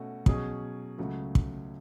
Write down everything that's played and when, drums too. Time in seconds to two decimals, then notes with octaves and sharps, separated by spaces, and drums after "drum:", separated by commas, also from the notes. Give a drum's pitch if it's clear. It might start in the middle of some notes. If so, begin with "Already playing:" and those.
Already playing: B2 A3 C#4 F#4 A4
0.26 B2 F#3 C#4 G#4, drum: kick
0.98 C#2 C#3 F#3 A3
1.35 drum: kick